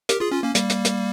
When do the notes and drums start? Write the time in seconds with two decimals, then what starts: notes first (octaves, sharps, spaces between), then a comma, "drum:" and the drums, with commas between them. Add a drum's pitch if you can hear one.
0.09 G4 A#4, drum: hi-hat
0.20 F4 G#4
0.32 C#4 F4
0.43 A#3 C#4
0.55 G3 A#3, drum: hi-hat
0.70 drum: hi-hat
0.85 drum: hi-hat